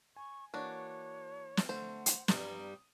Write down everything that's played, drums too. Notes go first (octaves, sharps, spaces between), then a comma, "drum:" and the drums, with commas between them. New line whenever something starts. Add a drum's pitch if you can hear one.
G#5 C#6
E3 A#3 D4 F#4 C#5
drum: snare
D3 A3 C5 F#5
drum: hi-hat
G2 G3 A#5 D#6, drum: snare